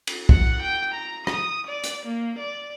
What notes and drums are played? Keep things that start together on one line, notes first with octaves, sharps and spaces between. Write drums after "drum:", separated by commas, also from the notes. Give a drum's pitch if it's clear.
drum: cymbal
F#5, drum: kick
G5
A#5
D#6, drum: rim click
D5
drum: hi-hat
A#3
D5